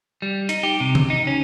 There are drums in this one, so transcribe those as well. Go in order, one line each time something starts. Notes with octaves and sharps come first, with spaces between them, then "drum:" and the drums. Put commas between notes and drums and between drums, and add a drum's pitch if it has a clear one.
G3
D#4, drum: hi-hat
G4
C3
drum: tom C#3
D#4
C#4